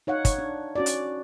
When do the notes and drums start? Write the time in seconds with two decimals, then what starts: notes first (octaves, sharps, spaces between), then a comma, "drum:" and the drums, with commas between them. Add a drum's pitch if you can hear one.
0.07 D#4 C#5 F5 F#5
0.25 C#5, drum: kick, hi-hat
0.39 D4
0.76 C#4 F#4 D5
0.86 drum: hi-hat